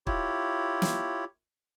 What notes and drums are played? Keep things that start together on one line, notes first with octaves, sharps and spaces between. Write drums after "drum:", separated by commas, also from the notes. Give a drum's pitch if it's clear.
E4 F4 G4 C#5, drum: kick
drum: snare